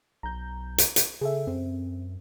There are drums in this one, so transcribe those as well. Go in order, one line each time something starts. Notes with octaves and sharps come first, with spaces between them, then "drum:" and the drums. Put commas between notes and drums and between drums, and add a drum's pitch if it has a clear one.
B1 A#5 G6
drum: hi-hat
drum: hi-hat
C#3 G#4 A4 E5
F#2 C4